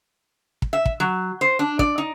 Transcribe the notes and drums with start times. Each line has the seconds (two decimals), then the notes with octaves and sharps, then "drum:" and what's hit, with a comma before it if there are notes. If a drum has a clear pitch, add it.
0.62 drum: kick
0.73 E5
0.86 drum: kick
1.00 F#3
1.41 C5
1.59 D4
1.79 D5, drum: kick
1.98 D#4